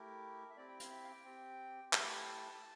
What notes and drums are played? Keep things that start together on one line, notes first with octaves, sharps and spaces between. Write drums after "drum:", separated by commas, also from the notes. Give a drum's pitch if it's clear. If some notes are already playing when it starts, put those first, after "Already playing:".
Already playing: A3 E4 G4 A#4
E5
C4 E4 G4 D5
G5
F5, drum: hi-hat
E5
F5
G5
C4 G4
A3 E4 G4 G5, drum: clap
D6
F6
E6
A5